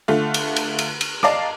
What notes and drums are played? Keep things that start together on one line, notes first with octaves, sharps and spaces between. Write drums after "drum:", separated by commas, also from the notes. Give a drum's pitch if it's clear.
D3 A3 F4
drum: cymbal
drum: cymbal
drum: cymbal
drum: cymbal
D5 D#5 F5 A5 A#5 D6, drum: rim click